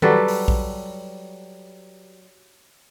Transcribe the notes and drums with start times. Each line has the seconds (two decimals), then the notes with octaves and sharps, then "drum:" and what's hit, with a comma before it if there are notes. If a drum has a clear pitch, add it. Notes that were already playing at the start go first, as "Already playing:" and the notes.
0.02 F#3 G3 A4 B4, drum: tom D#3
0.28 drum: open hi-hat
0.48 drum: kick A#1